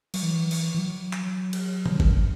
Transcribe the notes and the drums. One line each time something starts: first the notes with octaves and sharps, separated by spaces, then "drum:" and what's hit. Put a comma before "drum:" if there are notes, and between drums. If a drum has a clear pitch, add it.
F#3, drum: cymbal
E3
drum: cymbal
E3
F#3
drum: clap
drum: cymbal
E3, drum: tom B2
D#3
drum: kick G1
F#2